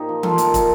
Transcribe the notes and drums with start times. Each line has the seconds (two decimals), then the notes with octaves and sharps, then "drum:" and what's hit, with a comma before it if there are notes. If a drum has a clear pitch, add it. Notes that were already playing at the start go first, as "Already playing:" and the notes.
Already playing: A#2 D#4 G4 C5
0.09 F3
0.23 F3 F4 A4, drum: tom E3
0.38 A#2, drum: hi-hat
0.54 A#2, drum: kick, hi-hat